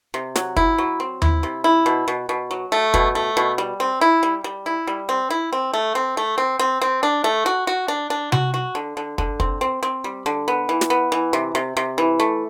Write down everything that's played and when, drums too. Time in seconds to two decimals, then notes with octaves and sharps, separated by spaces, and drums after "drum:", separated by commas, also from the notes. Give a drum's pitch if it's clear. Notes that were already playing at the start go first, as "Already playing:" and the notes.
0.14 C3
0.36 F#3, drum: snare
0.57 E4, drum: kick
0.78 F#3
1.00 C4
1.22 E4, drum: tom D#2
1.43 C3
1.64 E4
1.86 B2
2.08 B2
2.29 B2
2.51 F#3
2.72 A3
2.94 B2, drum: kick
3.15 A3
3.37 B2
3.58 G3
3.80 C4
4.01 E4
4.23 G3
4.44 G3
4.66 E4
4.87 G3
5.09 C4
5.30 E4
5.53 C4
5.73 A3
5.95 C4
6.17 A3
6.38 C4
6.59 C4
6.81 C4
7.03 D4
7.24 A3
7.46 F#4
7.67 F#4
7.88 D4
8.10 D4
8.32 F#4, drum: tom C3
8.54 F#4
8.75 D3
8.97 D3
9.18 D3, drum: kick
9.40 C4, drum: kick
9.61 C4
9.83 C4
10.04 G3
10.26 D3
10.48 B3
10.69 E3
10.81 drum: snare
10.90 B3
11.12 E3
11.33 C3
11.55 C3
11.77 C3
11.98 E3
12.20 A3